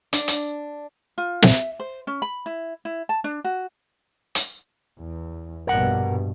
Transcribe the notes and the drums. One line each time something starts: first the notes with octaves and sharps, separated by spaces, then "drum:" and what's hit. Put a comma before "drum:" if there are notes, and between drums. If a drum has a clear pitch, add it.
D4, drum: hi-hat
drum: hi-hat
F4
E5, drum: snare
C5
C#4
B5
E4
E4
A5
D4
F#4
drum: hi-hat
E2
A#1 G2 B2 A#4 F#5